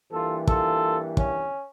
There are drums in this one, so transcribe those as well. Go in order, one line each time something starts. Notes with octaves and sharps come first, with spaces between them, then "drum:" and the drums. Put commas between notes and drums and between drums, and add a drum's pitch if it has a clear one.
G2 E3 A#3 F4 A4
F4 A4, drum: kick
C#4, drum: kick